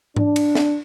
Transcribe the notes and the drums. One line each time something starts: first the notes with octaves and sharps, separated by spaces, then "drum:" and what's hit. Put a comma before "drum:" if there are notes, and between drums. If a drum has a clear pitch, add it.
D4, drum: tom G#2
drum: cymbal
drum: snare